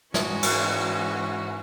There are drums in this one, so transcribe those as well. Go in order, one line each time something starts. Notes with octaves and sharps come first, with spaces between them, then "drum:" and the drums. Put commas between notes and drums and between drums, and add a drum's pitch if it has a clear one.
G#2 E3 G#3 C#4 F#4, drum: snare
drum: cymbal